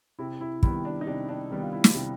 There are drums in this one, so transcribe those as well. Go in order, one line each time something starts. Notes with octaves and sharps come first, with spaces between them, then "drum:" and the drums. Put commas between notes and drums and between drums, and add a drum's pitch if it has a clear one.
C3 E4
E4
D#3 G3 B3 E4, drum: kick
D4
D#4
C3 D4
D4
D#3 G3 B3
F4
E4
drum: snare
C3